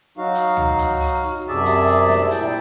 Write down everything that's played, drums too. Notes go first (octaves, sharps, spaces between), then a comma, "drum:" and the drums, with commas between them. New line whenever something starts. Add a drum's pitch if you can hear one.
F#3 D#4 F#4 F5
drum: hi-hat
drum: tom
drum: hi-hat
drum: open hi-hat
F#2 C3 G#4 D5 E5 A5
drum: hi-hat
drum: hi-hat
drum: snare
A#2 E4 G5, drum: hi-hat